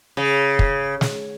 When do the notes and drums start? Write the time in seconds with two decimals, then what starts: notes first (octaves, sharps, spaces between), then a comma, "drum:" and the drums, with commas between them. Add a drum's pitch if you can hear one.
0.17 C#3
0.59 drum: kick
1.01 drum: snare